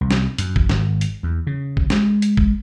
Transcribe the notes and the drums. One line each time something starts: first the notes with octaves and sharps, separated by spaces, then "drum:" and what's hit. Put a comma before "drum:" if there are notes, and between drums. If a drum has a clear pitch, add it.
C2
drum: snare
F#2, drum: hi-hat
drum: kick A#1
G#1, drum: snare
drum: hi-hat
E2
C#3
drum: kick A#1
G#3, drum: snare
drum: hi-hat
drum: kick A#1